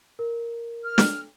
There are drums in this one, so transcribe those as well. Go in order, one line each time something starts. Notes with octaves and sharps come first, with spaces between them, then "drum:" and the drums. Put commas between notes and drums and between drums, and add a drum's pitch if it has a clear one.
A#4
F6
drum: snare